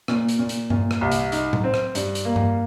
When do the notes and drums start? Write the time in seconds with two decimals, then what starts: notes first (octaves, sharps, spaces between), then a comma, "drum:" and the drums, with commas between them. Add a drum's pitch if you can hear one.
0.08 A#2, drum: rim click
0.29 drum: hi-hat
0.39 A#2
0.49 drum: hi-hat
0.70 A#2, drum: tom G2
0.91 drum: rim click
1.01 C2
1.12 drum: hi-hat
1.32 D#4, drum: hi-hat
1.53 drum: tom A2
1.64 C4
1.74 drum: rim click
1.95 G2, drum: hi-hat
2.15 drum: hi-hat
2.25 A#3
2.36 drum: tom G2